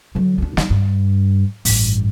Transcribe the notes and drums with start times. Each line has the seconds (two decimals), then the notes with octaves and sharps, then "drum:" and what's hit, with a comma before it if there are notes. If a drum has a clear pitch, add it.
0.15 D3 F#3
0.38 D2 D4
0.57 G3 D#4, drum: snare
0.70 G2
1.65 A1 G2, drum: open hi-hat